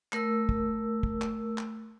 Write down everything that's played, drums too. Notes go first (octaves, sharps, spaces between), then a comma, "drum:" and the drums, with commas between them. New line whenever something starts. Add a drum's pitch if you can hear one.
A3 A#4 E6, drum: clap
drum: kick
drum: kick
drum: clap
drum: clap